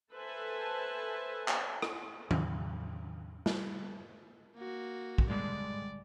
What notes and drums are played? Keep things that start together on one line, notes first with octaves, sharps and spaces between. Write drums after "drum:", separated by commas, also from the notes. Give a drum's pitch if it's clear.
A4 B4 C5 E5 G#5 A5
drum: clap
drum: rim click
E2 A2 C#3 F#3, drum: tom D#3
G3, drum: snare
A#3 F#4
drum: kick
D3 G3 G#3 D5